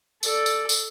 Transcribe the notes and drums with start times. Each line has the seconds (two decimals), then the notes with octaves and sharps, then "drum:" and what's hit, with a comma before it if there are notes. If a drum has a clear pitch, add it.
0.23 A4 D5, drum: tambourine
0.46 drum: tambourine
0.69 drum: tambourine